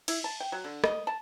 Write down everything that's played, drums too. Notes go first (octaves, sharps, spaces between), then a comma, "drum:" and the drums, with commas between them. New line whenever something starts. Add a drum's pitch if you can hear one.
E4, drum: cymbal
A5
G5
F#3
D3
D#5, drum: rim click
A5